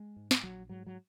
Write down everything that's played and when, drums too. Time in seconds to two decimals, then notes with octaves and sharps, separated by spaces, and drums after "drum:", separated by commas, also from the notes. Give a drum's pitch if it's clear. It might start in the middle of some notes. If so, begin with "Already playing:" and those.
Already playing: G#3
0.16 G#2
0.31 drum: snare
0.43 A#1 F#3
0.69 G#2 F#3
0.87 F#3